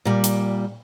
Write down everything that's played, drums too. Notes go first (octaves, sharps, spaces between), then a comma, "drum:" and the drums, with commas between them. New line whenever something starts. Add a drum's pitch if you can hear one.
A#2 G3
drum: hi-hat